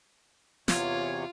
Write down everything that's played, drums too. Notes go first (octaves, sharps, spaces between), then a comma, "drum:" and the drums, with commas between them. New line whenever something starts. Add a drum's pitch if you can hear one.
E2 C3 F4 C#5, drum: snare